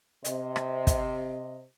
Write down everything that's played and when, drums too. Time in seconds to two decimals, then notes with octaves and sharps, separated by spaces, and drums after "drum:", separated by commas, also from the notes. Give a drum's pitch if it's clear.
0.25 C3 D#5, drum: hi-hat
0.56 drum: rim click
0.87 drum: kick, hi-hat